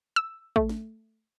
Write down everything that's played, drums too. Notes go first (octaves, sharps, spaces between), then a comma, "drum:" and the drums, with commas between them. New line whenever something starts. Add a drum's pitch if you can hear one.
E6
A3, drum: kick
drum: snare